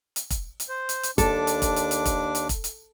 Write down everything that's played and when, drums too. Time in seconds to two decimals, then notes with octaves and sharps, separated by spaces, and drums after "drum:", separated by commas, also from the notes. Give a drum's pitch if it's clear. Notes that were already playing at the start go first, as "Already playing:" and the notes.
0.16 drum: hi-hat
0.30 drum: kick, hi-hat
0.60 drum: hi-hat
0.69 C5
0.89 drum: hi-hat
1.03 drum: hi-hat
1.18 D#2 D4 A4 D6, drum: kick, hi-hat
1.47 drum: hi-hat
1.62 drum: kick, hi-hat
1.76 drum: hi-hat
1.91 drum: hi-hat
2.05 drum: kick, hi-hat
2.35 drum: hi-hat
2.49 drum: kick, hi-hat
2.64 drum: hi-hat